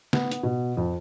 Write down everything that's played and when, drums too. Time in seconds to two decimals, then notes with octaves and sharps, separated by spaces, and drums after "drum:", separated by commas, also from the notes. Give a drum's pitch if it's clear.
0.13 B3, drum: snare
0.31 B3, drum: hi-hat
0.43 B2
0.77 F2